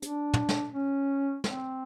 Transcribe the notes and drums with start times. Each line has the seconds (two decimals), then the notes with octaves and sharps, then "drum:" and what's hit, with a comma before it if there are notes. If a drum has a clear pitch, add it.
0.02 D4, drum: hi-hat
0.34 drum: tom
0.49 drum: snare
0.73 C#4
1.44 C4, drum: snare